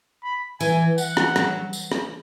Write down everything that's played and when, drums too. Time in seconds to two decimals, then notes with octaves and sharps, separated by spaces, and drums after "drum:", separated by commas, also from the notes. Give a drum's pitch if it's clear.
0.23 B5
0.60 E3 G#5, drum: tambourine
0.98 F#5, drum: tambourine
1.17 drum: rim click
1.36 F#3, drum: rim click
1.73 drum: tambourine
1.92 drum: rim click